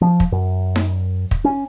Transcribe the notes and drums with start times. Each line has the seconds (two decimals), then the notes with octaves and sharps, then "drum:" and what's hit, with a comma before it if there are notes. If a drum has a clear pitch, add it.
0.01 F3
0.20 drum: kick
0.32 F#2
0.76 drum: snare D#4
1.31 drum: kick
1.44 C#4